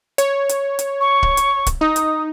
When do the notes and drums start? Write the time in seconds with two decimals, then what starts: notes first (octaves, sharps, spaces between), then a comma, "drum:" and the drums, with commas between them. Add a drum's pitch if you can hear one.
0.18 C#5, drum: hi-hat
0.49 drum: hi-hat
0.79 drum: hi-hat
1.00 C#6
1.23 drum: kick C#1
1.37 drum: hi-hat
1.66 drum: kick C#1, hi-hat
1.81 D#4 D#6
1.96 drum: hi-hat